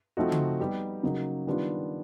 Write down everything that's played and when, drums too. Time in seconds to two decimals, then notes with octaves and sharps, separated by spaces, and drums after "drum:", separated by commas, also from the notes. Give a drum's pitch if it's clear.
0.17 F3 A3 C4 D#4 F#4
0.32 drum: tom C#3
0.60 G3 B3 D#4 G4
1.03 C#3 F#3 A#3 D#4
1.47 D#3 G3 B3 D4 F4